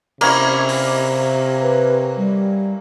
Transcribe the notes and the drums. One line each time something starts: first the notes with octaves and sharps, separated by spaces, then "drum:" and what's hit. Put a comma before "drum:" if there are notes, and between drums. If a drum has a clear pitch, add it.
C3 A#3 C#4 E4, drum: cymbal
drum: open hi-hat
B4
G3